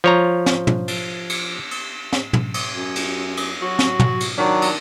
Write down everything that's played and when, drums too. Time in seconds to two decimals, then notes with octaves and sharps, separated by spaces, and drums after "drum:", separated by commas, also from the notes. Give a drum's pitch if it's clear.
0.04 F3 C#5 A#5
0.46 drum: snare
0.67 drum: tom
0.88 drum: cymbal
1.29 drum: cymbal
1.71 drum: cymbal
2.13 drum: snare
2.33 drum: tom
2.54 drum: cymbal
2.75 F#2
2.96 drum: cymbal
3.37 drum: cymbal
3.62 F#3 F#4
3.79 drum: snare
4.00 drum: tom
4.20 drum: cymbal
4.38 D#3 F#3 D4
4.62 drum: cymbal